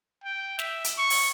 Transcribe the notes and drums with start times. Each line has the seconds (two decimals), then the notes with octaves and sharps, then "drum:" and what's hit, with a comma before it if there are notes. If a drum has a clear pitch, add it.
0.24 G5
0.59 E5, drum: snare
0.84 drum: hi-hat
0.98 C#6
1.10 drum: open hi-hat